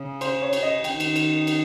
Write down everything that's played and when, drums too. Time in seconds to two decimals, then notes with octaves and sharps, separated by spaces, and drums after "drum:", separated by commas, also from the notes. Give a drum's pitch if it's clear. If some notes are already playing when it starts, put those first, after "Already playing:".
Already playing: C#3
0.21 C5, drum: cymbal
0.42 C#5
0.53 drum: cymbal
0.63 D#5
0.84 D#3 G5, drum: cymbal
1.00 drum: cymbal
1.16 drum: cymbal
1.47 drum: cymbal